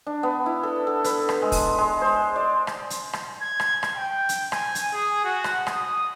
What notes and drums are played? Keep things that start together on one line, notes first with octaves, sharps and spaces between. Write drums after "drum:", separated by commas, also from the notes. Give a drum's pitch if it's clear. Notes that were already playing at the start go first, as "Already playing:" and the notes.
D4
B3
E4
A4
A4
B4, drum: hi-hat
drum: rim click
G#3
drum: kick, open hi-hat
G#3
C5
D5
drum: rim click
drum: hi-hat
drum: rim click
G#6
drum: rim click
drum: rim click
G5
drum: hi-hat
G#5, drum: rim click
drum: hi-hat
G#4
F#4
drum: rim click
D#6, drum: rim click